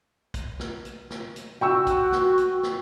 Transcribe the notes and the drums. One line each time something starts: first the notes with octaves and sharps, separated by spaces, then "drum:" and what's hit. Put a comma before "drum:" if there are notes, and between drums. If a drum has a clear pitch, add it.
drum: kick, hi-hat
drum: snare
drum: hi-hat
drum: snare
drum: hi-hat
F#4 G5 C#6 E6
drum: kick, hi-hat
drum: snare
drum: hi-hat
drum: snare